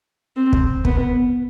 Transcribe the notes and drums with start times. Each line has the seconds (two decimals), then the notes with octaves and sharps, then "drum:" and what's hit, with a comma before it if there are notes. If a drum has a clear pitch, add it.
0.36 C4
0.53 drum: kick
0.85 B3, drum: kick